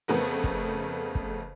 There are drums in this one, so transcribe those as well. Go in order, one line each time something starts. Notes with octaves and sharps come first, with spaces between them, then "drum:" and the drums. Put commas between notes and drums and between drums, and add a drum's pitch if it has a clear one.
F2 C#3 A3 B3 A#4
drum: kick
drum: kick